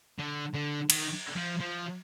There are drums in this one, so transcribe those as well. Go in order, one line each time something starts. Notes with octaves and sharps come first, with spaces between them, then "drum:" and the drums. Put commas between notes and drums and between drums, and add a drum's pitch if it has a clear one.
D3
D3
D#3, drum: cymbal
F3
F3